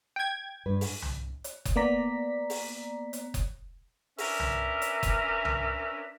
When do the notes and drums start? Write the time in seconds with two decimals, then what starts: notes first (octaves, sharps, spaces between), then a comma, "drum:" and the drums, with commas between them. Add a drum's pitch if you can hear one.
0.16 G5 G#6
0.66 G2 B4
0.81 drum: open hi-hat
1.02 drum: tom C2
1.44 drum: hi-hat
1.65 drum: kick F#1, hi-hat
1.76 A#3 B3 D5 A#5 B6
2.50 drum: open hi-hat
3.13 drum: hi-hat
3.34 drum: kick F#1, hi-hat
4.18 C#4 D4 A#4 B4 E5, drum: open hi-hat
4.39 drum: tom C2
4.82 drum: hi-hat
5.03 drum: kick F#1, hi-hat
5.45 drum: tom C2